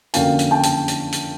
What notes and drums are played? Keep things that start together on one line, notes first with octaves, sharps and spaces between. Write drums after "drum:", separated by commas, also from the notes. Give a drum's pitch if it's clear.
F2 D3 F#3 A#3 C#4 F5 G5, drum: hi-hat
drum: hi-hat
G5 A5
drum: hi-hat
drum: hi-hat
drum: hi-hat